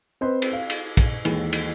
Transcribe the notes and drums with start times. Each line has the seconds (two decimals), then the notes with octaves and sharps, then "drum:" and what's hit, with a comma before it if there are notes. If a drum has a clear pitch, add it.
0.21 C4 B4 C5 D#5
0.42 drum: cymbal
0.53 F5
0.70 drum: cymbal
0.97 drum: kick, cymbal
1.25 D#2 E3 G#3, drum: cymbal
1.53 drum: cymbal